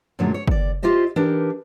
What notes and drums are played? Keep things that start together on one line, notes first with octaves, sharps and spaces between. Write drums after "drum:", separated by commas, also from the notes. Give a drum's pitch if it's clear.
F#2 A#2 D3 F#3 G#3 A3
C#5
D#2 D5, drum: kick
F4 G4 C5 D#5 E5
E3 D4 D#4 G4 A#4